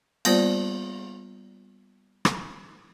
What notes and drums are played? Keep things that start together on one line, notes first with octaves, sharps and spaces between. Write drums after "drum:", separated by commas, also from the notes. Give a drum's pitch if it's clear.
G3 A#3 B3 F4 C5 D5, drum: cymbal
drum: rim click